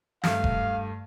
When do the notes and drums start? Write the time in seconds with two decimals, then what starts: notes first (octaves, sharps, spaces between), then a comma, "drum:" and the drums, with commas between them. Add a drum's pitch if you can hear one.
0.24 G2 A3 F5, drum: snare
0.44 drum: kick F1